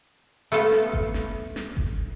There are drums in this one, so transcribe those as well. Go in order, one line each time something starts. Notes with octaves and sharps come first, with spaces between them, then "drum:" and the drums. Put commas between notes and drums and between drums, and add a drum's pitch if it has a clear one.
A3 B3 F4 A4
drum: snare
drum: kick F#1
drum: snare
drum: snare
drum: kick F#1